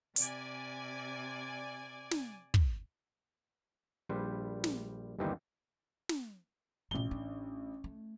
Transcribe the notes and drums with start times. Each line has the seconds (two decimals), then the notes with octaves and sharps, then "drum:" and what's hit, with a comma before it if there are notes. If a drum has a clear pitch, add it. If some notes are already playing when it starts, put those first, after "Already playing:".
0.16 C3 D5 G#5, drum: hi-hat
2.11 drum: snare
2.54 drum: kick
4.09 A#1 G3 B4 C5
4.64 drum: snare
5.19 G1 D#2 E3 G3 C4 D#4
6.09 drum: snare
6.91 A1 A#2 G#3 G7
7.11 D4
7.84 A3